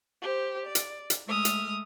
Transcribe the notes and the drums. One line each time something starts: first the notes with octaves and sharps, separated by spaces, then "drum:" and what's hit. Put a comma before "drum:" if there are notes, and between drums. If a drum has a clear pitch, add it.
G4 C5
D5
drum: hi-hat
drum: hi-hat
G#3 A3 E5 D#6 F6
drum: hi-hat